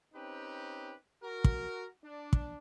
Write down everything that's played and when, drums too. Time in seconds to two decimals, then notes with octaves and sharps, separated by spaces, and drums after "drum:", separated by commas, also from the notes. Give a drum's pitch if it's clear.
0.14 C4 C#4 D#4 G4 B4
1.22 F#4 A#4
1.44 drum: kick
2.03 D4
2.33 drum: kick